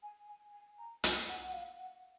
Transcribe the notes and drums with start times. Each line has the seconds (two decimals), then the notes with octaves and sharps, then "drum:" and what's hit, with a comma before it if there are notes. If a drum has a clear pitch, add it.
0.03 G#5
0.28 G#5
0.53 G#5
0.79 A#5
1.04 G#5, drum: hi-hat
1.28 F#5
1.43 F#5
1.53 F5
1.78 F#5